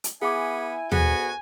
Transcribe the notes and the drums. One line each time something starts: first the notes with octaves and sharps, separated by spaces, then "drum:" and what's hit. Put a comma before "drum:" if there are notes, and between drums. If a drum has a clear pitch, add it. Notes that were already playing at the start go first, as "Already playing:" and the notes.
drum: hi-hat
B3 E4 G#4 G#5 D6
D2 B3 F#4 G#4 G#5, drum: tom